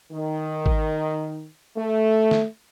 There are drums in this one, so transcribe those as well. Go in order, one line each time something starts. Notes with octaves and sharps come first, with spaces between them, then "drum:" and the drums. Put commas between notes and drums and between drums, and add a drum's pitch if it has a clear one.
D#3
drum: kick G#1
A3
drum: snare